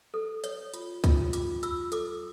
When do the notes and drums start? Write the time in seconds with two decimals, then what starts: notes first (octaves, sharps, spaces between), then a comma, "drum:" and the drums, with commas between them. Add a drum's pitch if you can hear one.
0.14 A4
0.44 C#5, drum: hi-hat
0.74 F4, drum: hi-hat
1.04 F4, drum: kick C#2, hi-hat
1.33 F4 D6, drum: hi-hat
1.63 F4 E6, drum: hi-hat
1.92 A4 D6, drum: hi-hat